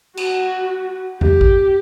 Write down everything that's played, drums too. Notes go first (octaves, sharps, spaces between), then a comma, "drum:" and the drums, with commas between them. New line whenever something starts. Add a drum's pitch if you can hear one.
F#4, drum: cymbal
G4, drum: tom E2
drum: kick